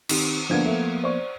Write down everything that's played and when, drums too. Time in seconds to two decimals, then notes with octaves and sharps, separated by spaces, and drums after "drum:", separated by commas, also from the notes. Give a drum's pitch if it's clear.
0.09 D#3 C4 G4, drum: cymbal
0.50 D3 F3 A#3 B3 D4 G#6
0.65 A3 E5
1.04 C5 D5 C#6